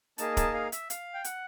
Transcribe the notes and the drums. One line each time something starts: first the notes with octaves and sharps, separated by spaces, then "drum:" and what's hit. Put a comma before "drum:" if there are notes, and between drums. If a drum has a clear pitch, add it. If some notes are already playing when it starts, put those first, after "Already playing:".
A#3 D#4 G#4 A5, drum: hi-hat
A5, drum: kick D1, hi-hat
F5
E5, drum: hi-hat
F5, drum: hi-hat
G5
F#5, drum: hi-hat